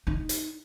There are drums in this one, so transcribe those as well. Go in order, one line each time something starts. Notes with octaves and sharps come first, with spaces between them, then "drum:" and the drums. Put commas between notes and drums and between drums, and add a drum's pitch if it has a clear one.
D#4
drum: hi-hat